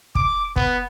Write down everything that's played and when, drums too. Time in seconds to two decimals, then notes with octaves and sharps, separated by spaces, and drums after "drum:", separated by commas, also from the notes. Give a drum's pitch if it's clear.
0.15 D6, drum: kick
0.56 B3, drum: kick